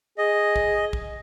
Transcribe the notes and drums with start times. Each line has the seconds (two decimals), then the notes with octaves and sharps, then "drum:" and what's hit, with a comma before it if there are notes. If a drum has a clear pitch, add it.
0.18 G#4 D#5
0.56 drum: kick
0.93 drum: kick